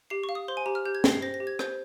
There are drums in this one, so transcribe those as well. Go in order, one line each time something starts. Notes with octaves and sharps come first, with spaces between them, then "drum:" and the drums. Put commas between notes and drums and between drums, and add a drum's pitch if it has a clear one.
G4 C7
C#6
F5
D#6
C5 C6
G#5
G4 A#5
F6
G4 G6
G#6
G5, drum: snare
C7
C5 A#6
A#6
G4
G#6
C5 G6, drum: rim click